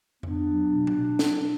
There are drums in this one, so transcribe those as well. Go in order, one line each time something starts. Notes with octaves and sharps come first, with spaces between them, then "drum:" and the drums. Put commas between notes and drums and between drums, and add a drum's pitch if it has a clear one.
B3 D4, drum: tom F2
F#3
B2
drum: tom B2
drum: snare